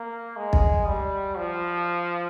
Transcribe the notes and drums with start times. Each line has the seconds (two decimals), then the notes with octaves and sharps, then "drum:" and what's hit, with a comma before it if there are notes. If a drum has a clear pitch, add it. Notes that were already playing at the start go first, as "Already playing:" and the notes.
Already playing: A#3
0.37 G#3
0.53 drum: kick
0.87 G3
1.37 F3